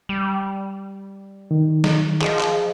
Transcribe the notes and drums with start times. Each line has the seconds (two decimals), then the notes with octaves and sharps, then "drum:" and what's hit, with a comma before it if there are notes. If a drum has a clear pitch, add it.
0.09 G3
1.51 D#3
1.84 drum: snare
2.22 F3 G#4 D#5, drum: clap
2.39 drum: clap